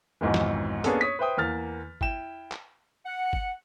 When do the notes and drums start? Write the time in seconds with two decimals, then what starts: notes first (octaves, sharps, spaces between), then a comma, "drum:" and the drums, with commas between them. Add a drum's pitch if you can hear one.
0.21 B1 F2 G#2 D#3 E3
0.34 drum: snare
0.84 A#3 B3 C#4 D4 G#4 A4, drum: hi-hat
1.01 C#5 D#6 B6
1.19 B4 C5 E5 G5 D#6
1.37 E2 A#3 F6 A6
2.01 E4 G5 E7, drum: kick
2.52 drum: clap
3.06 F#5
3.33 drum: kick